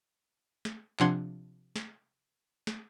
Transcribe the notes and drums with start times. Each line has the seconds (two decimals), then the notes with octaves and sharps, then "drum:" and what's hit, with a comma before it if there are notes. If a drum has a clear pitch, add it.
0.65 drum: snare
1.00 C3 F3 D4 F#5 C6 G#6, drum: clap
1.76 drum: snare
2.67 drum: snare